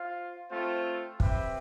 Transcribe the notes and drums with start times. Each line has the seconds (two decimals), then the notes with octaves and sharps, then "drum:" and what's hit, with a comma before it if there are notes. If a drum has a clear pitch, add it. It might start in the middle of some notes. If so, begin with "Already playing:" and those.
Already playing: F4 C5 F5
0.50 A3 C4 F4 C5
1.20 C4 G4 B4 E5 G5, drum: kick